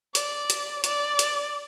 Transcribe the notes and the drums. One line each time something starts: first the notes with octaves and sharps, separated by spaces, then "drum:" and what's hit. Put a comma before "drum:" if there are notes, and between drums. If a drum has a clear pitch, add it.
D5, drum: hi-hat
drum: hi-hat
D5, drum: hi-hat
drum: hi-hat